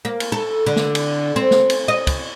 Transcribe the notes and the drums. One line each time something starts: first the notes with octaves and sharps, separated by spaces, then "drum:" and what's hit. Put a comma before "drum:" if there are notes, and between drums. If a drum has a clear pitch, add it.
A#3
drum: cymbal
A4
D3
drum: snare
drum: cymbal
C4
drum: snare
drum: cymbal
D#5
drum: kick, cymbal